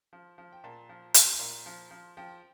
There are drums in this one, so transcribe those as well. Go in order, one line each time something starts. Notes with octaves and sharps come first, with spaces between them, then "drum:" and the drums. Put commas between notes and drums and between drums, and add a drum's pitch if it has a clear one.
F3
F3
G5
A#2 A5
F3
F3, drum: hi-hat
A#2
F3
F3
F3 G5